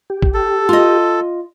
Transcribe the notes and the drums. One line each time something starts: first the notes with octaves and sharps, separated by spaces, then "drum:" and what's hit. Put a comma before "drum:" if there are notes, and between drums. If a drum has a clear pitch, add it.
G4
drum: kick
A4
F4 D#5